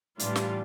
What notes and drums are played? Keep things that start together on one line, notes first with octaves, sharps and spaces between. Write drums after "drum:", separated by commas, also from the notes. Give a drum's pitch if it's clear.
A2 E3 G3 D4 F4, drum: hi-hat
drum: snare